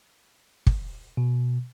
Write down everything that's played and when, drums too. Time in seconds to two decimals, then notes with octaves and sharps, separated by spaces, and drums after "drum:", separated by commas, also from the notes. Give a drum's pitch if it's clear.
0.67 drum: kick
1.17 B2